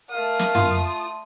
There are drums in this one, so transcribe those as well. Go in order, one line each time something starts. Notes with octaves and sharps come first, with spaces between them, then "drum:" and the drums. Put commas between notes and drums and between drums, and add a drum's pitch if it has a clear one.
A3 A#4 F5 D#6
drum: snare
F4, drum: tom
C6